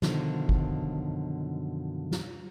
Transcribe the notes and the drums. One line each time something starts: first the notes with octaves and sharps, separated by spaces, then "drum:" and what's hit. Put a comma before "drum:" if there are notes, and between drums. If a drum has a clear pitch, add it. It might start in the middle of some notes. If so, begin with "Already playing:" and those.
F#2 B2 D3 D#3 F3, drum: snare
drum: kick
drum: snare